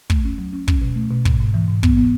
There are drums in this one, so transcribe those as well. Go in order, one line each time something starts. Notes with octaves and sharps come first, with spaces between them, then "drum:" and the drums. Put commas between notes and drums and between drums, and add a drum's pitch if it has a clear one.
A3, drum: kick
C#4
F#3
C#4
C#4, drum: kick
B2
A3
B2
G#2, drum: kick
G#2
E3
G#2
B3, drum: kick
B3